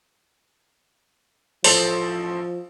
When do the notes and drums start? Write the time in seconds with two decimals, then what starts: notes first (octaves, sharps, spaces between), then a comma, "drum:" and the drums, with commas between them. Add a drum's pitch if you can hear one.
1.64 A1 F3 A4 C5, drum: open hi-hat